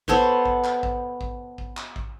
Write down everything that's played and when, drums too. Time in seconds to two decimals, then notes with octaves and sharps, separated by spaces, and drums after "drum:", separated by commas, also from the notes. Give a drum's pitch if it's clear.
0.08 B3 A4 C5 C#5, drum: kick A1
0.45 drum: kick A1
0.64 drum: clap
0.83 drum: kick A1
1.21 drum: kick A1
1.58 drum: kick A1
1.77 drum: clap
1.96 drum: kick A1